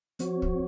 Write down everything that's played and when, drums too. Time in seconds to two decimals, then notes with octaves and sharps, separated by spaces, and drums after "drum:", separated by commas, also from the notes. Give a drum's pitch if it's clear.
0.19 F3 C4 F#4 C#5, drum: hi-hat
0.42 drum: kick